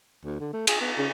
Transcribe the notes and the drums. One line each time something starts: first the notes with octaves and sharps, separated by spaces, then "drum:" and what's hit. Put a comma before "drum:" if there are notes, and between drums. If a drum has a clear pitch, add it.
D2
D3
A3
G#4, drum: cymbal
B3
C#3